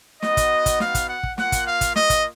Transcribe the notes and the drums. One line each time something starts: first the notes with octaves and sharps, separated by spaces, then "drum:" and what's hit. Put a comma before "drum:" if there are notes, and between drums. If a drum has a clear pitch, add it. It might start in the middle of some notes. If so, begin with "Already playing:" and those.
B3 D#4 F#4 D#5, drum: snare
drum: kick, hi-hat
drum: kick, hi-hat
F5, drum: snare
drum: kick, hi-hat
F#5
drum: kick
A#3 F4 F#5, drum: snare
drum: kick, hi-hat
F5
drum: kick, hi-hat
D#5, drum: snare
drum: kick, hi-hat